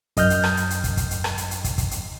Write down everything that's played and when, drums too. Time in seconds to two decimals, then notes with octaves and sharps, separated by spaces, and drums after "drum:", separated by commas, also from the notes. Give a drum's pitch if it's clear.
0.17 F#2 D#5 F6 G6, drum: kick, hi-hat
0.30 drum: hi-hat
0.44 drum: rim click
0.57 drum: hi-hat
0.70 drum: hi-hat
0.84 drum: kick, hi-hat
0.97 drum: kick, hi-hat
1.11 drum: hi-hat
1.24 drum: rim click
1.38 drum: hi-hat
1.51 drum: hi-hat
1.64 drum: kick, hi-hat
1.78 drum: kick, hi-hat
1.91 drum: hi-hat